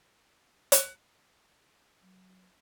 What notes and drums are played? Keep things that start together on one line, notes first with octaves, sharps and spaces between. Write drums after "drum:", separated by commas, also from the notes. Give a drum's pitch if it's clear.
drum: hi-hat
F#3